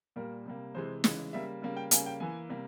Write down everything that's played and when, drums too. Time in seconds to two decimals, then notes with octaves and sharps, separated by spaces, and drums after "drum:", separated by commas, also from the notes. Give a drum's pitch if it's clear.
0.16 A#2 G3 A#3 A#4
0.46 C3 G3 A#3
0.75 C3 E3 G#3 C5
1.04 C#3 E3 G#3, drum: snare
1.33 C#3 G3 A#3 E5
1.62 C#3 G3 A#3
1.77 G5
1.91 C#3 G3 A#3 G#5, drum: hi-hat
2.06 G5
2.20 E3 A#3 G#5
2.49 C3 G3 A#3